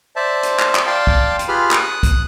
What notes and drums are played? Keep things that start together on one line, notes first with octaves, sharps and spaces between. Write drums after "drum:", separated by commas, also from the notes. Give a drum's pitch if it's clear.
C5 D5 E5 A5
drum: hi-hat
drum: clap
drum: clap
D5 F5 G5 A5 C6
drum: kick
drum: hi-hat
F4 G4 G#4 B4 B5 F6
D#6 F#6, drum: clap
drum: kick, hi-hat